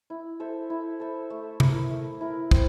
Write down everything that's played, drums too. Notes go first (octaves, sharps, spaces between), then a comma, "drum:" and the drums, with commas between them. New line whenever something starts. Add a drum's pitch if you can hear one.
E4
A4 C5 E5
E4
A4 C5 E5
A3
E4 A#4, drum: tom C3
A3
E4 A#4
C4, drum: kick